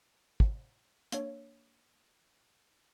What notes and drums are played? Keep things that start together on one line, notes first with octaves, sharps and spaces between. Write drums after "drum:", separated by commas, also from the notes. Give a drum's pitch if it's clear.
drum: kick
A#3 D4 C#5, drum: hi-hat